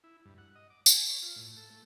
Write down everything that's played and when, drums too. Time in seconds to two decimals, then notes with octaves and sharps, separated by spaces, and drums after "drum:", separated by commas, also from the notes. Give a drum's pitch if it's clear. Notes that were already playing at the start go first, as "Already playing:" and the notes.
0.04 E4
0.25 G2
0.38 F#5
0.55 D#5
0.70 D6
0.86 G#5, drum: tambourine
1.08 C#5
1.22 F4
1.36 A2
1.57 A4
1.70 A3